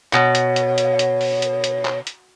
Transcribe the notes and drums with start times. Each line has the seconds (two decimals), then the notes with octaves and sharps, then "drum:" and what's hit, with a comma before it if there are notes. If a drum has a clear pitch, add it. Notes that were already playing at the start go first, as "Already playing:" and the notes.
0.13 B2 C#5, drum: clap
0.35 drum: hi-hat
0.56 drum: hi-hat
0.78 drum: hi-hat
0.99 drum: hi-hat
1.21 drum: open hi-hat
1.42 drum: hi-hat
1.64 drum: hi-hat
1.85 drum: clap
2.07 drum: hi-hat